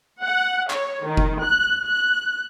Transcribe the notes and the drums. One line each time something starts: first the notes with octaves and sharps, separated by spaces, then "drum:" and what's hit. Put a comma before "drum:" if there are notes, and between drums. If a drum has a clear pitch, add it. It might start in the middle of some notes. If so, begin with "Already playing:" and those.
F#5
C#5, drum: clap
D#3
drum: kick F1
F#6
F#6